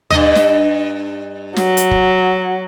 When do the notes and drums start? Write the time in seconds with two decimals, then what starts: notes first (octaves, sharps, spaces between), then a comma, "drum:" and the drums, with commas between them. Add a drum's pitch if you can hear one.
0.10 G2 D#5, drum: tom D2
0.35 drum: snare
1.56 F#3, drum: snare
1.77 drum: hi-hat
1.91 drum: kick